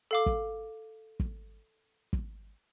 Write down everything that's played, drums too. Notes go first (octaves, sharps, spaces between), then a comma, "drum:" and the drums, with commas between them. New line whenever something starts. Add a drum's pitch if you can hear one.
A4 F5 D6
drum: kick
drum: kick
drum: kick